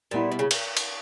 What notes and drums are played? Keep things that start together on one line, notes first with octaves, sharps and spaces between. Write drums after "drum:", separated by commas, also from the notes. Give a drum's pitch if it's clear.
A#2 G3 B3 E4
B2
C#3
drum: cymbal
drum: cymbal